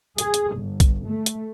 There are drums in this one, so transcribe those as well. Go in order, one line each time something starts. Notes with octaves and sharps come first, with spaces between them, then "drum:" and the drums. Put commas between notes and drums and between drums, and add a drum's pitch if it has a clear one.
G#4, drum: hi-hat
drum: hi-hat
G1
drum: kick, hi-hat
A3
drum: hi-hat